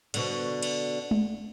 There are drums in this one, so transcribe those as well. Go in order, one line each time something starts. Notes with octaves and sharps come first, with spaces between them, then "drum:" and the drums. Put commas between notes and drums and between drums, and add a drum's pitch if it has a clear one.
B2 D3, drum: cymbal
drum: cymbal
drum: tom G#3